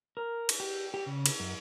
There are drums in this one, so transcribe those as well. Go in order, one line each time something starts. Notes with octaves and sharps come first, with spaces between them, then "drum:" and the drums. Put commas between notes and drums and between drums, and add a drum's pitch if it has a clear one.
A#4
drum: cymbal
G4
G4
C#3
drum: cymbal
F#2